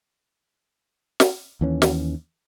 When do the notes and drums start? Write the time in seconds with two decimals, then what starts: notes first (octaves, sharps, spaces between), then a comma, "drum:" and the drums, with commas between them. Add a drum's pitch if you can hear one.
1.20 drum: snare
1.61 D#2 E3 C#4
1.82 drum: snare